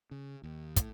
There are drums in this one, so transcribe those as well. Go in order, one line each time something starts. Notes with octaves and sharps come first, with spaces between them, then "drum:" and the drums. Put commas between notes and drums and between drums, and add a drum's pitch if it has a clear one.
C#3
D#2
A2, drum: kick, hi-hat